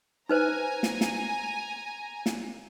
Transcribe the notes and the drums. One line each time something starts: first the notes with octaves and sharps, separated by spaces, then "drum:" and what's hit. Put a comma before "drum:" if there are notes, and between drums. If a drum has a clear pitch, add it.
D#4 B4 C5 G#5 A#5
drum: snare
drum: snare
drum: snare